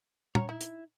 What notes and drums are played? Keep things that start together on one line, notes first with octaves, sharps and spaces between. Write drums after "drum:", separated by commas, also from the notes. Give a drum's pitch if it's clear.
C#4 F#4 C#5 A#5, drum: tom
D#4 E4
drum: hi-hat